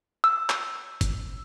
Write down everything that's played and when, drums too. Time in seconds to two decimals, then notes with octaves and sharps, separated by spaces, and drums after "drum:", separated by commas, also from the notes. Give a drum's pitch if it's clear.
0.24 E6
0.50 drum: clap
1.01 drum: kick, hi-hat